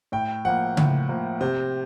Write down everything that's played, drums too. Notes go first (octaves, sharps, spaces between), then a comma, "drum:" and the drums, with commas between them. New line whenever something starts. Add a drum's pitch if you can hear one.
A2 G5
F3 A#3 F#5
A2, drum: tom C#3
F3 A#3
C3 C5